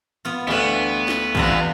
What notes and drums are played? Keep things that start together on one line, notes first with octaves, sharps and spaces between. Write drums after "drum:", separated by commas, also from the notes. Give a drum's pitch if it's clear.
B3 F4
D2 E3 G3 A3 B3 D4 F4 E7
drum: snare
E2 G2 C3 F3 F#5 A#5, drum: kick